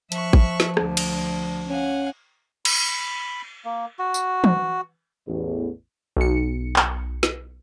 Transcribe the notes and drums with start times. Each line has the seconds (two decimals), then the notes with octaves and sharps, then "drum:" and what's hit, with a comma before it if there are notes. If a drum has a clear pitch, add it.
0.12 F3 E5 C#6 F#6, drum: hi-hat
0.33 drum: kick A1
0.60 drum: snare
0.77 D2 D3, drum: rim click
0.97 drum: cymbal
1.68 C#4 F5 F#5 G#5
2.65 B5, drum: cymbal
3.65 A#3
3.99 F#4
4.14 drum: tambourine
4.44 drum: tom E3
5.27 A1 E2
6.17 B1 C#7
6.76 drum: clap
7.23 drum: snare